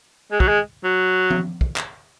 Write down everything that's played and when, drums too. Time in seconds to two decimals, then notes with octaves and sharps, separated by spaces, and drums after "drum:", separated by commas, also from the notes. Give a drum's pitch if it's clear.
0.32 G#3
0.40 F#3, drum: kick
0.48 G#3
0.84 F#3
1.30 drum: tom F3
1.61 drum: kick
1.76 drum: clap